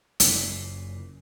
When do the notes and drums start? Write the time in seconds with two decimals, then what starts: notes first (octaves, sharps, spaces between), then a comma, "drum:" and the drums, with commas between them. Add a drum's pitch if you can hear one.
0.20 F#1 A#2 C#3, drum: hi-hat